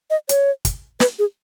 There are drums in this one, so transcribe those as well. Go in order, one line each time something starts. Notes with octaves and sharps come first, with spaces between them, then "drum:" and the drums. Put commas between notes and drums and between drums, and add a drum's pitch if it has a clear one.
D#5
C#5, drum: hi-hat
drum: kick, hi-hat
B4, drum: snare
G#4